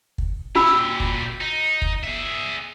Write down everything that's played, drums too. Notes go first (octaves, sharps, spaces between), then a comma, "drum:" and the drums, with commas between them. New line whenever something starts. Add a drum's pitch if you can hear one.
drum: kick
A#2 F#4 G4 B5 E6
drum: kick
D#4
drum: kick
G#4 E5